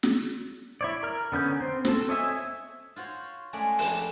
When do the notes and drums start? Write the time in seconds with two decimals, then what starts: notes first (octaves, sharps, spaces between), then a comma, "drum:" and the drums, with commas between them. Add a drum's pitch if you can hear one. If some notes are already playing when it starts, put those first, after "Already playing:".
0.03 drum: snare
0.81 E4 C#5 D5
1.03 A#4 F6
1.32 D3 B3 C#4 G6
1.60 C4
1.85 C4 A4, drum: snare
2.09 C#5 D#5 E5 G#5
2.96 F4 F#4 C5 C#5
3.53 G#3 A3 C#4 G#4 D5 F#5
3.79 F2 D4, drum: open hi-hat